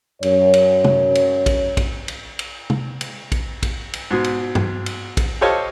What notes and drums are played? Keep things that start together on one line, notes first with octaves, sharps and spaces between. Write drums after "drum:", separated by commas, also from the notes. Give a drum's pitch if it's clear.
F#2 C#5, drum: cymbal
drum: cymbal
drum: tom
drum: cymbal
drum: kick, cymbal
drum: kick, cymbal
drum: cymbal
drum: cymbal
drum: tom
drum: cymbal
drum: kick, cymbal
drum: kick, cymbal
drum: cymbal
G#2 B2
drum: cymbal
drum: tom G2
drum: cymbal
drum: kick, cymbal
G4 A4 C5 C#5 D#5 F5